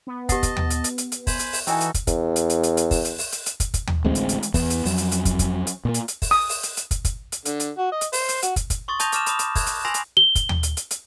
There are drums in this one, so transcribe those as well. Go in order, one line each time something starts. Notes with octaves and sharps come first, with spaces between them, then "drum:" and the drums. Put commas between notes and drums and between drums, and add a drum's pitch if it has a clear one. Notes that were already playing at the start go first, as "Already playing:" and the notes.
B3
G4 D#5 F#5 A5, drum: kick, hi-hat
drum: kick, hi-hat
drum: tom
drum: hi-hat
drum: hi-hat
drum: hi-hat
drum: hi-hat
C5 G#5 B5, drum: kick, open hi-hat
drum: hi-hat
drum: open hi-hat
E3 D#4 F#4 A4 G5 G#5, drum: hi-hat
drum: hi-hat
drum: kick, hi-hat
E2, drum: kick, hi-hat
drum: hi-hat
drum: hi-hat
drum: hi-hat
drum: hi-hat
drum: kick, open hi-hat
drum: hi-hat
drum: open hi-hat
drum: hi-hat
drum: hi-hat
drum: kick, hi-hat
drum: kick, hi-hat
drum: tom
A1 D2 G#3 C4
drum: hi-hat
drum: hi-hat
drum: hi-hat
E2 B3, drum: kick, open hi-hat
drum: hi-hat
F2 F#3, drum: open hi-hat
drum: hi-hat
drum: hi-hat
drum: kick, hi-hat
drum: kick, hi-hat
drum: hi-hat
A#2 A#3
drum: hi-hat
drum: hi-hat
drum: kick, open hi-hat
D#6
drum: open hi-hat
drum: hi-hat
drum: hi-hat
drum: kick, hi-hat
drum: kick, hi-hat
drum: hi-hat
D3, drum: hi-hat
drum: hi-hat
F#4
D#5
drum: hi-hat
C5, drum: open hi-hat
drum: hi-hat
F#4, drum: hi-hat
drum: kick, hi-hat
drum: kick, hi-hat
C6 C#6 D#6 A6
A5 D#6 G6 A#6 F7, drum: hi-hat
D6 F6 E7, drum: hi-hat
B5 D#6, drum: hi-hat
drum: hi-hat
F#6 G#6, drum: kick, open hi-hat
drum: hi-hat
G#5 C6 E6 A#6 C7 F7
drum: hi-hat
G7
drum: kick, hi-hat
drum: tom
drum: hi-hat
drum: hi-hat
drum: hi-hat